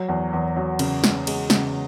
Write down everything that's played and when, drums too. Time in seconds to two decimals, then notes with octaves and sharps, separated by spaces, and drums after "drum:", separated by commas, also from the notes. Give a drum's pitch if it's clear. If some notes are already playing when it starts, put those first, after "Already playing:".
Already playing: F#3
0.09 E2
0.33 E2
0.56 F#3
0.79 C#3, drum: cymbal
1.04 C#3, drum: snare
1.27 G#3, drum: cymbal
1.50 C#3, drum: snare